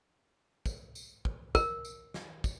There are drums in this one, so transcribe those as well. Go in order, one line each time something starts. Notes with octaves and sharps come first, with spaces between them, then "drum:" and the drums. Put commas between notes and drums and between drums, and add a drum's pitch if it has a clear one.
drum: kick, tambourine
drum: tambourine
drum: kick
A#4, drum: kick, tambourine
drum: tambourine
drum: snare
drum: kick, tambourine